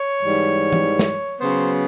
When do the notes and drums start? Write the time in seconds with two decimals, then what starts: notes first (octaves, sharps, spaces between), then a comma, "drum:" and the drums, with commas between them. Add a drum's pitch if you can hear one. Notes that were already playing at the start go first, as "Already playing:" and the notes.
Already playing: C#5
0.21 G#2 E3 G3
0.73 drum: tom E3
0.99 drum: snare
1.40 C#3 F#3 B3 C5